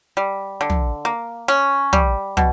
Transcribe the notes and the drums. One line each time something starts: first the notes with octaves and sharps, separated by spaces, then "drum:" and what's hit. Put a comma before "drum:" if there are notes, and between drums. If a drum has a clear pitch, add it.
G3
D3
drum: tom
A#3
C#4
G3, drum: tom
B2, drum: tom